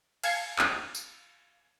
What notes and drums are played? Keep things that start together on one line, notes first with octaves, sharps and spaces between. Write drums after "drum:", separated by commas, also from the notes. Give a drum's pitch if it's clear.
F5 G#5 A5 G#6 C7 C#7, drum: cymbal
drum: clap
drum: tambourine